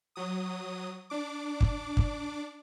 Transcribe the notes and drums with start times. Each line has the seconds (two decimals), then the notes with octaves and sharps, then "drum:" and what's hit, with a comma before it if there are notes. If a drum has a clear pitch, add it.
0.16 F#3 D#6
1.10 D4 D6
1.61 drum: kick
1.97 drum: kick